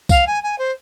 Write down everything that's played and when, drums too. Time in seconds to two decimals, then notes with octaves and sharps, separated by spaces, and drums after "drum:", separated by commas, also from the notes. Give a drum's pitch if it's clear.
0.09 F5, drum: kick C2, tambourine
0.26 G#5
0.43 G#5
0.58 C5